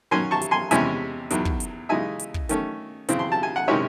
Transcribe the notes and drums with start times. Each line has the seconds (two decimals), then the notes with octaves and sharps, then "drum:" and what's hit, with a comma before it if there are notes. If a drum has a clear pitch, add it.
0.11 D#3 F#3 C#4 G#5 C6
0.31 A5 C#6
0.41 drum: hi-hat
0.51 G#5 C6
0.71 E2 C3 E3 G#3 C#4 E5 G#5, drum: hi-hat
1.30 E2 D#3 F#3, drum: hi-hat
1.45 drum: kick
1.60 drum: hi-hat
1.89 C#3 E3 G#3 D#4 E5 G#5
2.19 drum: hi-hat
2.34 drum: kick
2.49 D#3 A3 C#4, drum: hi-hat
3.09 C#3 E3 C4, drum: hi-hat
3.19 C6
3.32 A5
3.43 G#5
3.56 F#5
3.68 C3 D#3 G#3 C#4 E4 C#5 E5